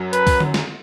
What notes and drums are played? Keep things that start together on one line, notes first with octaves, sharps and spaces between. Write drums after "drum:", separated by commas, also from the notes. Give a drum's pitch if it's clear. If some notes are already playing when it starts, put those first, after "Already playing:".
Already playing: F#2 F#3
B4, drum: hi-hat
drum: kick C2, open hi-hat
drum: tom D3
drum: snare